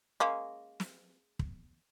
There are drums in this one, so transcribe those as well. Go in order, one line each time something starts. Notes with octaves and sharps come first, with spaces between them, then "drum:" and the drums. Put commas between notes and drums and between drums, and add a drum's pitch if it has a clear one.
G#3 A#3 C#4
drum: snare
drum: kick